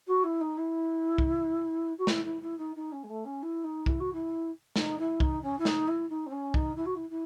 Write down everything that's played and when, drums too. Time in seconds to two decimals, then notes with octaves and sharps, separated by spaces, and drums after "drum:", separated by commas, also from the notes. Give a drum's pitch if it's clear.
0.07 F#4
0.23 E4
0.40 D#4
0.57 E4
1.18 drum: kick C2
1.98 F#4
2.07 E4, drum: snare
2.24 E4
2.41 E4
2.58 D#4
2.75 D#4
2.91 C#4
3.03 G#3
3.08 A3
3.24 C#4
3.42 E4
3.63 D#4
3.86 E4, drum: kick C2
3.99 F#4
4.12 E4
4.76 D#4, drum: snare
4.98 E4
5.20 D#4, drum: kick C2
5.42 C#4
5.58 E4
5.65 D#4, drum: snare
5.87 E4
6.09 D#4
6.26 C4
6.31 C#4
6.54 D#4, drum: kick C2
6.76 E4
6.85 F#4
6.94 E4
7.09 E4